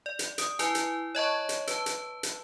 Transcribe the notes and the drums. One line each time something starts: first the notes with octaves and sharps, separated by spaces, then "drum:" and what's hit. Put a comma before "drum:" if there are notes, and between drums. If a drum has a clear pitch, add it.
D5
drum: hi-hat
D#6 D7, drum: hi-hat
E4 B4 G#5, drum: hi-hat
drum: hi-hat
C#5 D#5 A5 C#6
drum: hi-hat
B4 A5, drum: hi-hat
drum: hi-hat
drum: hi-hat